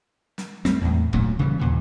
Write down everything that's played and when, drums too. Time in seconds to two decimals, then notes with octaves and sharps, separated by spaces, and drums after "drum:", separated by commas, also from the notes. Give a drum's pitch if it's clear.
0.38 drum: snare
0.65 G3 A3 C4, drum: snare
0.81 E2 A2
1.13 D2 A#2 F#3 A3, drum: kick
1.39 C#3 E3 F3 G3
1.59 D#2 A#2 E3